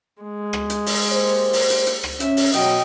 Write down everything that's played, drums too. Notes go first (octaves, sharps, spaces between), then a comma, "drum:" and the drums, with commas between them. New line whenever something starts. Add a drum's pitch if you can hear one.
G#3
drum: rim click
drum: hi-hat
drum: open hi-hat
A#3 G4 C5
drum: open hi-hat
drum: hi-hat
drum: hi-hat
drum: rim click
C#4 E5, drum: hi-hat
drum: open hi-hat
B2 F#3 D#5 G5, drum: hi-hat